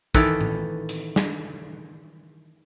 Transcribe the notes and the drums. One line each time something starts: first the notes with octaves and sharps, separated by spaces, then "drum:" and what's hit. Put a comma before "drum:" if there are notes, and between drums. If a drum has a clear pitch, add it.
D#3 E3 A4 B4, drum: kick
drum: tom A2
drum: hi-hat
drum: snare